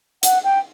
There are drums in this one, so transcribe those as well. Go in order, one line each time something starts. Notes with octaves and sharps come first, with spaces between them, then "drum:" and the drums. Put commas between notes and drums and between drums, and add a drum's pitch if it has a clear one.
F#5, drum: hi-hat
G5